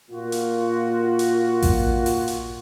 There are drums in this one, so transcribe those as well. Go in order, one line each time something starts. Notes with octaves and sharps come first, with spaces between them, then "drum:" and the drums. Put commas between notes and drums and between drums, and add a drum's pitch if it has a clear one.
A#2 F4 F#4
drum: hi-hat
drum: hi-hat
drum: kick A1, open hi-hat
drum: open hi-hat
drum: hi-hat